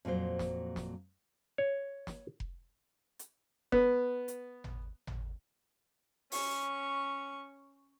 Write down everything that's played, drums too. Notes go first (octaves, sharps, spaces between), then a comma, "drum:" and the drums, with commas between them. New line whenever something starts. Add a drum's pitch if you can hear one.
F2 A#2 F#3 C5
drum: snare
drum: snare
C#5
drum: snare
drum: kick F1
drum: hi-hat
B3, drum: kick F1
drum: hi-hat
drum: tom G#1
drum: tom G#1
C#4 C#6, drum: open hi-hat